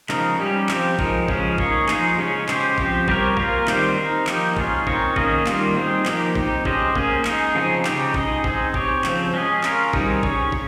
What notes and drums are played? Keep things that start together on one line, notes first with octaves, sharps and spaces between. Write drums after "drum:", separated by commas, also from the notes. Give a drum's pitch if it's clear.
C#3 F3 G#3 D#4 A#4, drum: clap
G3 C#4 G4
F3 C4 G4, drum: clap
F3 G#3 D#4 A#4, drum: kick
C#3 F3 G#3 C#4, drum: kick
A#3 D#4 G#4 C#5, drum: kick
F3 G#3 D#4 G#4, drum: clap
C#3 G#3 C#4 G#4 C#5
C#3 G#3 C#4 G4 C5, drum: clap
F3 C4 G4, drum: kick
G3 C4 G4 A#4 C#5, drum: kick
A#3 F4 A#4, drum: kick
D#3 G3 C4 G4 C5, drum: clap
C4 D#4 A#4
F3 A#3 D#4 G4, drum: clap
G#3 C#4 F4 G#4, drum: kick
C4 D#4 A#4 C#5, drum: kick
D#3 A#3 C#4 G#4 D#5, drum: kick
D#3 G3 A#3 F4, drum: clap
G3 C4 D#4 G#4
F3 A#3 D#4 G4, drum: clap
C4 D#4 G4, drum: kick
G#3 C#4 G4 C5 D#5, drum: kick
A#3 C#4 G#4, drum: kick
G#3 D#4 G#4 D#5, drum: clap
C#3 F3 C4 D#4 G#4
C#3 G#3 D#4 G4, drum: clap
G#3 D#4 G#4 D#5, drum: kick
C4 D#4 G#4, drum: kick
C4 G4 C#5, drum: kick
C#3 F3 C4, drum: clap
G#3 C#4 G#4
C#4 F4 A#4, drum: clap
D#3 G3 C4 D#4 G#4, drum: kick
C#4 G#4 C#5, drum: kick
C#3, drum: kick